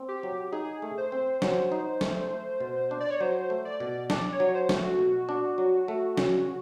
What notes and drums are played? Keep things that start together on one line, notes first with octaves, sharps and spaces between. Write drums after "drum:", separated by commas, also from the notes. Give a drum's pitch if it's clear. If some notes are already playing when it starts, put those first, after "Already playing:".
Already playing: C4
G4
F#3
D#4 G#4
A3
C5
C4
F#3, drum: snare
D#4
A3, drum: snare
A3
B2
D4
D5
C#5
F#3 C5
A3
D5
B2
D4 D5, drum: snare
C#5
F#3
C5
A3, drum: snare
F#4
B2
D4
F#3
A3
C#3, drum: snare